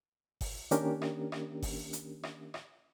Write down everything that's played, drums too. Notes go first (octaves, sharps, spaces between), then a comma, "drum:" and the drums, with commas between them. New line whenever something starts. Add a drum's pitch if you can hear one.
drum: kick G1, open hi-hat
D#3 A#3 C#4 D4 G4 A#4, drum: hi-hat
drum: rim click
drum: rim click
drum: kick G1, open hi-hat
drum: hi-hat
drum: rim click
drum: rim click